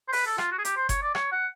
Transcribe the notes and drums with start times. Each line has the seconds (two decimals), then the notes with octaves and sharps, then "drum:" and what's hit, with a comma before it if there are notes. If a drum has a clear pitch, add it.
0.08 C5
0.13 B4, drum: open hi-hat
0.26 A4
0.38 F4, drum: rim click
0.52 F#4
0.59 G#4
0.65 G4, drum: hi-hat
0.76 C5
0.89 C#5, drum: kick F#1, hi-hat
1.02 D5
1.15 C#5, drum: rim click
1.32 F#5